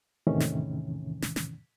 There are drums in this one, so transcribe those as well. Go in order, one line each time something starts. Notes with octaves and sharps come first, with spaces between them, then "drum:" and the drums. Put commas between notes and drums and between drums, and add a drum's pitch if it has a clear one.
E2 A2 C3 D#3 E3 C#4
drum: snare
drum: snare
drum: snare